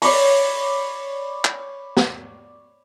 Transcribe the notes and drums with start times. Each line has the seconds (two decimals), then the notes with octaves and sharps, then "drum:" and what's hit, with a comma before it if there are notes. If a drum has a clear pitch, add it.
0.02 C#5 D5 B5 C#6, drum: open hi-hat
1.45 drum: clap
1.97 drum: snare